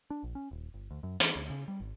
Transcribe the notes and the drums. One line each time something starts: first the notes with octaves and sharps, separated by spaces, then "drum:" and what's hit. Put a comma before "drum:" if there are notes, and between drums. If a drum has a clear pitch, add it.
D4
A#1
C#4
D#1
G1
D2
F#2
E3, drum: hi-hat
D2
C#3
G3
G#1